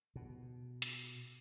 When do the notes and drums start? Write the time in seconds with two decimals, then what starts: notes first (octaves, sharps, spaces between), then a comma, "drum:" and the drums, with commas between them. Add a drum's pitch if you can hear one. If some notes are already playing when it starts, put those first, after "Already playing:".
0.16 B2
0.82 drum: hi-hat